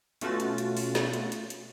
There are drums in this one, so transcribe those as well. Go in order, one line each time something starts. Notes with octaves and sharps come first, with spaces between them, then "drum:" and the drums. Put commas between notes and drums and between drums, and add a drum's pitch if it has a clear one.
B2 A3 C#4 F4 F#4 A6, drum: hi-hat
drum: hi-hat
drum: hi-hat
drum: open hi-hat
drum: snare
drum: hi-hat
drum: hi-hat
drum: hi-hat